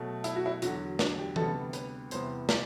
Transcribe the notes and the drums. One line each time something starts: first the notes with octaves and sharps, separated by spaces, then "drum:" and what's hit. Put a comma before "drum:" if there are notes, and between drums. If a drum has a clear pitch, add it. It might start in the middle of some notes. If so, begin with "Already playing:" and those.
Already playing: B2 F#3 A3
E4, drum: hi-hat
F#4
E4
E2 D3 F#3 F#4, drum: hi-hat
D4, drum: snare
G4
D2 C3 G3 B3 A4, drum: tom E3
B4, drum: hi-hat
E2 C3 E3 G3 B3 C5, drum: hi-hat
D5, drum: snare